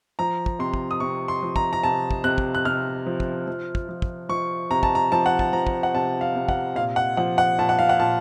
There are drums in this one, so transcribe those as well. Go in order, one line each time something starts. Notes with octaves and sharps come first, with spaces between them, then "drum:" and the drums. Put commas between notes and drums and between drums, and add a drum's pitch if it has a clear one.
F3 A#5
drum: kick
C3 C6
drum: kick
D#6
C3 C#6
C6
F3
A#5, drum: kick
A#5
C3 A5
drum: kick
C3 F#6
drum: kick
F#6
C3 F6
F3
drum: kick
F3
drum: kick
F3
drum: kick
F3 C#6
C3 A#5
A5, drum: kick
A#5
F3 A5
F#5
A5, drum: kick
F3 A#5
drum: kick
F#5
C3 A5
F5
C3
F#5, drum: kick
A#2 F5
F#5
F3 F#5
F#5
A#2 A5
F#5
F5
F#5
A#2 A5